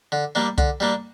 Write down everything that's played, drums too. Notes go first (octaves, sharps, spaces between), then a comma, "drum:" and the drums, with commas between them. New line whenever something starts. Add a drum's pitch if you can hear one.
D3
G3 A#3 D4
D3, drum: kick C2, hi-hat
G3 A#3 D4